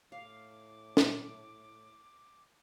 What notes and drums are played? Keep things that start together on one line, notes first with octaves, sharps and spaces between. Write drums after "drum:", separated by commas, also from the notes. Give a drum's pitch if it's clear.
A2 F5 D6
drum: snare